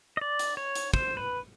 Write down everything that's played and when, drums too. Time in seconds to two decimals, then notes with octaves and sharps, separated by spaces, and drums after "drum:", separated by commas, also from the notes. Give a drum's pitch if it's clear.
0.17 D#5
0.21 D5
0.39 drum: hi-hat
0.57 C#5
0.75 drum: hi-hat
0.94 C5, drum: kick
1.17 B4